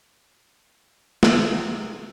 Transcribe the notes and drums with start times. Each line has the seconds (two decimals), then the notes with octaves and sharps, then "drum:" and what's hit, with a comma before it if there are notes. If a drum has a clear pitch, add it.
1.23 C3 D#3 G#3, drum: snare